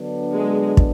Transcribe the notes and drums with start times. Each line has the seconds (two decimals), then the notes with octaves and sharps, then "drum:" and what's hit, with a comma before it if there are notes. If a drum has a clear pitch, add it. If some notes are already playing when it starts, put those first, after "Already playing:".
Already playing: D3 F#3 B3 D4
0.34 G#3
0.77 drum: kick